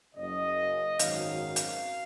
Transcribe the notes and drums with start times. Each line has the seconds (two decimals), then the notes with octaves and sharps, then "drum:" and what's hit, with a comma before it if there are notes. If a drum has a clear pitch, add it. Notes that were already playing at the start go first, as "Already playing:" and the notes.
0.15 F#1 F#2 C#3 D#5
0.99 G#1 F#2 D#3 F#3 F5, drum: hi-hat
1.56 drum: hi-hat